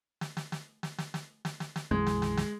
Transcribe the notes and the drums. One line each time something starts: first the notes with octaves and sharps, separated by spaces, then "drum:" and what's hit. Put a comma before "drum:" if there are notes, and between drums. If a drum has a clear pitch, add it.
drum: snare
drum: snare
drum: snare
drum: snare
drum: snare
drum: snare
drum: snare
drum: snare
drum: snare
B1 F#2 E3 G#3
drum: snare
drum: snare
drum: snare